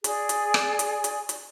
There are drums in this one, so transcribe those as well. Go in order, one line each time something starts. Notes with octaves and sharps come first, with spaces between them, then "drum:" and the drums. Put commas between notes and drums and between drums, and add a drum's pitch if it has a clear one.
G#4 D5 G#5, drum: hi-hat
drum: hi-hat
drum: rim click
drum: hi-hat
drum: hi-hat
drum: hi-hat